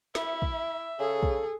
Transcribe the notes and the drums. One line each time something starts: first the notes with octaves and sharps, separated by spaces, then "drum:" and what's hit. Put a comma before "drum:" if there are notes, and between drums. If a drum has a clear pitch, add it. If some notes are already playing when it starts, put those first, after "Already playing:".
E4 E5, drum: snare
drum: kick
C#3 G#4 A4
drum: kick